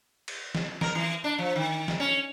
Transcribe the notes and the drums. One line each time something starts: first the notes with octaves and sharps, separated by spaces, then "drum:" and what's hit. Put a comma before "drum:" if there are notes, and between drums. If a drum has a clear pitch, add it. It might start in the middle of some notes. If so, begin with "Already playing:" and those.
drum: cymbal
drum: snare
A#4, drum: snare
E3
D4
F3
D#3
drum: snare
C#4